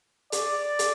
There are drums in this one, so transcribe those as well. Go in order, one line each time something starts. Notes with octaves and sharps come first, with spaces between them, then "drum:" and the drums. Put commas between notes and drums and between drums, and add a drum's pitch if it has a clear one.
D5, drum: hi-hat
drum: hi-hat